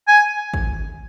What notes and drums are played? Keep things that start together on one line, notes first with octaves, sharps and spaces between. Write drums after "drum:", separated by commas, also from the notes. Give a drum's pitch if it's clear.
G#5
drum: kick